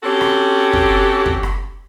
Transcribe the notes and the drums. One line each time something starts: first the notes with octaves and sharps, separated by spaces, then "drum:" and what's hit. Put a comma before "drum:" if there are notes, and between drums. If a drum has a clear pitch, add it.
C4 C#4 F#4 G4 A4
drum: rim click
drum: kick
drum: kick
drum: rim click